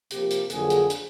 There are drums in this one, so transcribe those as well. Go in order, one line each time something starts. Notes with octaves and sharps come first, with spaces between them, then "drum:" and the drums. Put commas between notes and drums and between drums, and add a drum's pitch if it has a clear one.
C3 F3 A#3 G4, drum: hi-hat
drum: hi-hat
F2 D3 F#3 A#3 G#4, drum: hi-hat
drum: hi-hat
drum: hi-hat